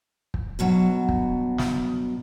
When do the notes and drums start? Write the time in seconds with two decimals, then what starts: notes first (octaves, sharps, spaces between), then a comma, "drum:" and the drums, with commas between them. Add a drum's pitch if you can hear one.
0.34 drum: kick
0.59 G2 B2 F#3
1.09 drum: kick
1.58 drum: snare